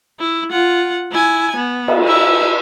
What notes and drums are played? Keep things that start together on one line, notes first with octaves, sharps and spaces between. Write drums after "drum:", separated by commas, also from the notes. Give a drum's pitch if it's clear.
E4
F4 F#5
E4 G#5
B3
drum: cymbal
E4 E5